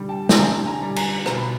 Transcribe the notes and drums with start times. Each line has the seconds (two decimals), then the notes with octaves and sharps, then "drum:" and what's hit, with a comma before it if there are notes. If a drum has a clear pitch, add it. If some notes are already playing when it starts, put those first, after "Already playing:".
Already playing: D3 G3
0.09 G5 A5
0.29 A5, drum: snare
0.38 D3 G#5 A#5
0.67 G#5 A#5
0.82 G3
0.96 G#5 A#5, drum: cymbal
1.26 B2 A#5, drum: rim click
1.37 B5